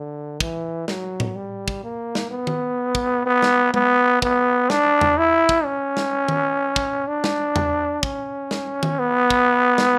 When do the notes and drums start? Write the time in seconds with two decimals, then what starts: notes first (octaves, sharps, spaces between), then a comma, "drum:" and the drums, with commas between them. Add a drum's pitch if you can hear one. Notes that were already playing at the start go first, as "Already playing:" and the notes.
Already playing: D3
0.40 E3, drum: kick
0.88 F#3, drum: snare
1.20 drum: tom A2
1.36 G3
1.68 drum: kick
1.84 A#3
2.15 drum: snare
2.31 B3
2.47 drum: tom D#3
2.95 drum: kick
3.26 B3
3.42 drum: snare
3.74 B3, drum: tom G#3
4.22 B3, drum: kick
4.70 D4, drum: snare
5.01 drum: tom E2
5.18 E4
5.49 drum: kick
5.65 C#4
5.97 drum: snare
6.28 drum: tom D#3
6.76 drum: kick
7.08 D4
7.24 drum: snare
7.56 drum: tom E2
8.03 C#4, drum: kick
8.51 drum: snare
8.83 drum: tom D#3
8.99 B3
9.30 drum: kick
9.78 drum: snare